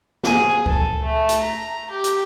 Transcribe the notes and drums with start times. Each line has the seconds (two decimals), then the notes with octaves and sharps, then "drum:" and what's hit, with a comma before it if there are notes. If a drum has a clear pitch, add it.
0.23 G#4, drum: snare
0.66 A4, drum: kick C#2
1.03 A3
1.29 drum: hi-hat
1.41 A#5
1.90 G4
2.04 drum: hi-hat